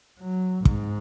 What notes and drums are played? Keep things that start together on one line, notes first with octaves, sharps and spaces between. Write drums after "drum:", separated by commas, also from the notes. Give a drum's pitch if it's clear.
F#3
G#2, drum: kick